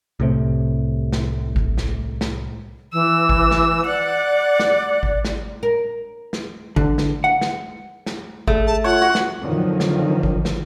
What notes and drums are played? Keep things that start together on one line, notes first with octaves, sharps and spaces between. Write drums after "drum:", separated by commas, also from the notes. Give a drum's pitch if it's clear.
C2 A2 C3
drum: snare
drum: kick G#1
drum: snare
drum: snare
E3 E6
drum: kick G#1
drum: snare
D5 F#5
drum: snare
drum: kick G#1
drum: snare
A#4
drum: snare
D3, drum: kick G#1
drum: snare
F#5
drum: snare
drum: snare
A3 G#4, drum: kick G#1
A5
F4 C#5 F#5
F#4
drum: snare
F2 D3 D#3 F3 F#3
drum: snare
drum: kick G#1
drum: snare